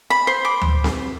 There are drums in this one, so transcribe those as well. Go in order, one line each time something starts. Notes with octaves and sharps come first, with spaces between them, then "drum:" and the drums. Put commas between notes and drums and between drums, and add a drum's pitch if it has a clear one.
B5
C5
D6
drum: tom D2
drum: snare C4